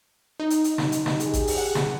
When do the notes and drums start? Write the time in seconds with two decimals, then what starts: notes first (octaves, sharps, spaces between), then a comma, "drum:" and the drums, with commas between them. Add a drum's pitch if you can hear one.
0.40 D#4
0.50 drum: hi-hat
0.64 drum: hi-hat
0.78 drum: snare
0.92 drum: hi-hat
1.06 drum: snare
1.20 G4 G#4, drum: hi-hat
1.34 drum: kick A1, hi-hat
1.47 drum: open hi-hat
1.58 F#5
1.75 drum: snare